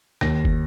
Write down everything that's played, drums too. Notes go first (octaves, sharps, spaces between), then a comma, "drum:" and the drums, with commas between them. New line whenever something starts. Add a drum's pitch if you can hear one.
D#2 A#6, drum: rim click
drum: kick